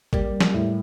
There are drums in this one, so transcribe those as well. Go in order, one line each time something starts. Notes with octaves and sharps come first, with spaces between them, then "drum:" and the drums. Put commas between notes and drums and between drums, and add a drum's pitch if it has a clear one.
G3 A#3, drum: kick
drum: snare
A2